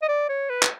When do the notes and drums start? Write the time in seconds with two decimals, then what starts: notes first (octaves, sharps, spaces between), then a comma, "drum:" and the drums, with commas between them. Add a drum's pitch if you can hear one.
0.02 D#5
0.09 D5
0.29 C#5
0.49 B4
0.63 drum: clap